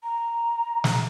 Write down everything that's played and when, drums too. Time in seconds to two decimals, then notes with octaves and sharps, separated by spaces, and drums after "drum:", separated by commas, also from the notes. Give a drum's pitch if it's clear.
0.03 A#5
0.84 drum: snare